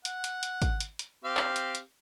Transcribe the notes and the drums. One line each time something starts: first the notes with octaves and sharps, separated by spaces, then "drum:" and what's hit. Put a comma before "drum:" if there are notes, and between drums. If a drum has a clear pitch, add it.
F#5, drum: hi-hat
drum: hi-hat
drum: hi-hat
drum: kick, hi-hat
drum: hi-hat
drum: hi-hat
C4 G4 F5
drum: clap
drum: hi-hat
drum: hi-hat